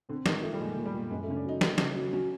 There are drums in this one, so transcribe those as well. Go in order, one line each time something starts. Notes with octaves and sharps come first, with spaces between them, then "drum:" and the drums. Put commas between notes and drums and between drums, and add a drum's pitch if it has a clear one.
D3 C4
D#3 G#3, drum: snare
F3 A3
G3
A#2 G#3
A#2
G3
A#2
F#2 G#3
A3
C#3 C#4
D4
F#3 D#4
A#3, drum: snare
C#3, drum: snare
F#3
F#3 C#4